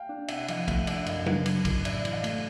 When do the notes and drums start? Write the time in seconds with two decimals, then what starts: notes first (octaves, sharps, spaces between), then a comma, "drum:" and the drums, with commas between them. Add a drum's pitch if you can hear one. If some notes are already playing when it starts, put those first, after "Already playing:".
Already playing: F5 G5
0.09 D4
0.28 C3 E5 F#5, drum: cymbal
0.48 F3 D#5 F5, drum: cymbal
0.68 A3 E5 F#5, drum: kick A#1, cymbal
0.87 D4 E5 F#5, drum: cymbal
1.06 F#2 D#5 F5, drum: cymbal
1.26 C#3, drum: tom
1.46 F#3, drum: cymbal
1.65 F#2, drum: kick A#1, cymbal
1.85 A2 D5 E5, drum: cymbal
2.05 E3, drum: cymbal
2.11 D#5 F5
2.24 A3, drum: cymbal